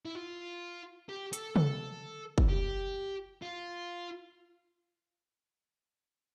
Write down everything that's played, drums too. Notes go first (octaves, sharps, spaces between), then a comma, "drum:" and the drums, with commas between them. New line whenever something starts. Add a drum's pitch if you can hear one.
E4
F4
G4
A4, drum: hi-hat
A4, drum: tom
drum: kick
G4
F4